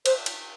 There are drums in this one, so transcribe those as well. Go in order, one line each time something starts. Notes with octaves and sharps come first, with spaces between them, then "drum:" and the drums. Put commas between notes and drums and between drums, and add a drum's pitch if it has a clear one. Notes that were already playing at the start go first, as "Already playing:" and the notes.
C5, drum: cymbal
drum: cymbal